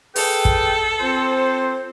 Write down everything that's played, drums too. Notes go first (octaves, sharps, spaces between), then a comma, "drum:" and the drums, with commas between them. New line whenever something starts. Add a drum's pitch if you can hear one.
G#4 A4 B4 G5, drum: open hi-hat
drum: kick
C4 F4 C5